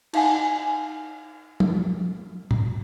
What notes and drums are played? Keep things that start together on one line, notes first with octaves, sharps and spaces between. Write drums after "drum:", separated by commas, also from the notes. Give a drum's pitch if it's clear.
D#4 F5 F#5 G#5, drum: cymbal
drum: tom
drum: tom